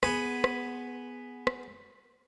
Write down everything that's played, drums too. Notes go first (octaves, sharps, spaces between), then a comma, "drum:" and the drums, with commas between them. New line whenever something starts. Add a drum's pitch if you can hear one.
B3 G#4 B4, drum: rim click
drum: rim click
drum: rim click